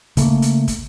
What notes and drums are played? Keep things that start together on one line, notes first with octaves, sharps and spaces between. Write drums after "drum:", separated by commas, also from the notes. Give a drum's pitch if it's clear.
C#3 A3 A#3, drum: kick, hi-hat
drum: hi-hat
drum: kick, hi-hat